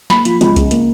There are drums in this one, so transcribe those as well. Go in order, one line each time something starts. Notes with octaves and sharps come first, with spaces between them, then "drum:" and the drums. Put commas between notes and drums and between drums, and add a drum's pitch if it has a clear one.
A#3 B5, drum: snare
F3, drum: hi-hat
C#2, drum: hi-hat
C#3, drum: kick C2, hi-hat
A#3, drum: hi-hat